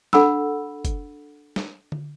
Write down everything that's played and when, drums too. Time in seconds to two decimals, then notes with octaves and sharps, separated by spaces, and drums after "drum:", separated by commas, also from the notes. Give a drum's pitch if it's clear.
0.13 D4 A4 F#5 B5 E6, drum: snare
0.85 drum: kick, hi-hat
1.56 drum: snare
1.92 drum: tom D3